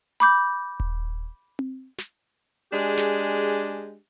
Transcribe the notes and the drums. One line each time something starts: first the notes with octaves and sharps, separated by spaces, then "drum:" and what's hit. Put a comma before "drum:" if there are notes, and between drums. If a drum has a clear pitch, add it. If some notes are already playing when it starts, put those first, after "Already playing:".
B5 D6 G6
drum: kick D#1
drum: tom C4
drum: snare
G#3 D4 G4 G#4
drum: snare